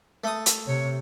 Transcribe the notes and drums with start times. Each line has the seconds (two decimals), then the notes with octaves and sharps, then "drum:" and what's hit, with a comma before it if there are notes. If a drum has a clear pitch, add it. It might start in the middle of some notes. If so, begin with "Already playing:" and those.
0.24 A3 D#6
0.46 drum: hi-hat
0.66 C3 C#5